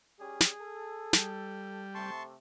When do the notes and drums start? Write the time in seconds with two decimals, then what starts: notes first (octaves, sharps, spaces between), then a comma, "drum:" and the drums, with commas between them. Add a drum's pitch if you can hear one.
0.20 G3 C#4 G4 G#4
0.40 drum: snare
0.61 A4
1.13 G3, drum: snare
1.94 C3 A3 A5 C6 C#6